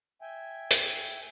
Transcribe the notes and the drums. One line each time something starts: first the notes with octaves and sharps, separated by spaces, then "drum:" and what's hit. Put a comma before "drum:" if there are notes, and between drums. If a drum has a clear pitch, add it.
E5 G5 G#5
drum: hi-hat